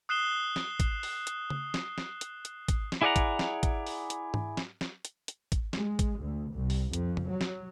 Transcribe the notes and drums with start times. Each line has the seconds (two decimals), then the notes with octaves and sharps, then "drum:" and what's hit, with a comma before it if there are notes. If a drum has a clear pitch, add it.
0.09 D#6 F#6 C7 E7 G7
0.56 drum: snare
0.80 drum: kick, hi-hat
1.03 drum: open hi-hat
1.27 drum: hi-hat
1.50 drum: tom C#3
1.74 drum: snare
1.98 drum: snare
2.21 drum: hi-hat
2.45 drum: hi-hat
2.68 drum: kick, hi-hat
2.92 drum: snare
3.02 E4 G#4 D5 D#5 F#5 A#5
3.16 drum: kick, hi-hat
3.39 drum: snare
3.63 drum: kick, hi-hat
3.87 drum: open hi-hat
4.10 drum: hi-hat
4.34 drum: tom G#2
4.57 drum: snare
4.81 drum: snare
5.05 drum: hi-hat
5.28 drum: hi-hat
5.52 drum: kick, hi-hat
5.73 G#3, drum: snare
5.99 drum: kick, hi-hat
6.19 D2
6.52 C2
6.70 drum: open hi-hat
6.93 F2, drum: hi-hat
7.17 drum: tom F2
7.31 F#3
7.41 drum: snare